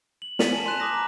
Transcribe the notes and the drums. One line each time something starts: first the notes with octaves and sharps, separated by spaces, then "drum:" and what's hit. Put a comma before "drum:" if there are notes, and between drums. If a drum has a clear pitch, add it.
F#7
B6 D#7 F7 F#7, drum: snare
G#5 A5
C6 F#6 E7
D6 D#6 A#6
A#5 D6